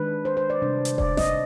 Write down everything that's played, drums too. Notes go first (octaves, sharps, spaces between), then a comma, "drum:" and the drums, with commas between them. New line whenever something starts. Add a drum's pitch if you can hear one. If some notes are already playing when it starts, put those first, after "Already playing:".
Already playing: D#3 G#3 D4 B4
C5
C5
D5
C3 G3 D4
drum: hi-hat
D5, drum: kick E1
D#5, drum: snare F#1